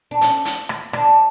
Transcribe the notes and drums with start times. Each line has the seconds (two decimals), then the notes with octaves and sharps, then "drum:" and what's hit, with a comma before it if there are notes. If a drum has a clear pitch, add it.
0.11 D4
0.21 C#4, drum: hi-hat
0.45 drum: hi-hat
0.69 drum: rim click
0.93 D4, drum: rim click